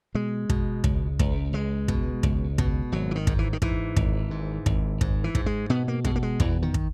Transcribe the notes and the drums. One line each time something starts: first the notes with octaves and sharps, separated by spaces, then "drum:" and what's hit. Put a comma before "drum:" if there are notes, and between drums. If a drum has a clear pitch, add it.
B2 G#3
B2, drum: kick
C#2, drum: kick
C#2, drum: kick
C#2 G#3
B2, drum: kick
C#2, drum: kick
B2, drum: kick
G#1 F#3
E3
D#3
G#2, drum: kick
E3
D#3
G#2 E3, drum: kick
G#1, drum: kick
G#2
G#1, drum: kick
G#2, drum: kick
E3
G#2, drum: kick
G#3
B2 B3
A#3
B2 G#3, drum: kick
A#3
G#3
E2 E3, drum: kick
D#3
drum: kick